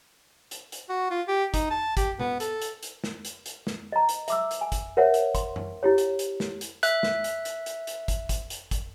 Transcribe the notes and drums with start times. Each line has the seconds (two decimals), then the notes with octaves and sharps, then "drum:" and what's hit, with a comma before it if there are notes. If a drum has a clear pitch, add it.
0.51 drum: hi-hat
0.72 drum: hi-hat
0.89 F#4
1.11 F4
1.28 G4
1.54 D#4, drum: kick, hi-hat
1.70 A5
1.97 G4, drum: kick, hi-hat
2.20 B3, drum: tom B2
2.40 A4, drum: hi-hat
2.62 drum: hi-hat
2.83 drum: hi-hat
3.04 drum: snare
3.25 drum: hi-hat
3.46 drum: hi-hat
3.67 drum: snare
3.92 D#5 A#5
4.09 drum: hi-hat
4.28 E5 D6 E6, drum: hi-hat
4.51 drum: hi-hat
4.61 G#5
4.72 drum: kick, hi-hat
4.97 A#4 C5 C#5 E5 F#5
5.14 drum: hi-hat
5.35 C6, drum: kick, hi-hat
5.56 drum: tom F#2
5.83 E4 G4 C#5
5.98 drum: hi-hat
6.19 drum: hi-hat
6.40 drum: snare
6.61 drum: hi-hat
6.83 E5 F#6, drum: hi-hat
7.03 drum: snare
7.24 drum: hi-hat
7.45 drum: hi-hat
7.66 drum: hi-hat
7.87 drum: hi-hat
8.08 drum: kick, hi-hat
8.29 drum: kick, hi-hat
8.50 drum: hi-hat
8.71 drum: kick, hi-hat